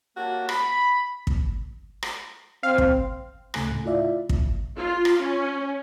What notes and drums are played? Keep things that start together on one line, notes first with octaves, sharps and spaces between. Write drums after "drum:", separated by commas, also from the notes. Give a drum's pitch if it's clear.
A#3 C#4 F#4 G4 A5
B5, drum: rim click
drum: kick
drum: rim click
C4 F5
drum: kick
D2 C#3 A3 G#5 F#6, drum: rim click
A2 A3
E4 F4 D5 E5 F5
drum: kick
F4
drum: rim click
C#4